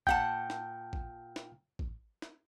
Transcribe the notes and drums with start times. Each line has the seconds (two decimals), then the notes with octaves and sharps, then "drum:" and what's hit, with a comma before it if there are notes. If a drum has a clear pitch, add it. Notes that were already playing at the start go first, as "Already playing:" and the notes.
0.07 A#2 F#5 G5 A5 G6, drum: kick A1
0.50 drum: snare
0.93 drum: kick A1
1.36 drum: snare
1.79 drum: kick A1
2.22 drum: snare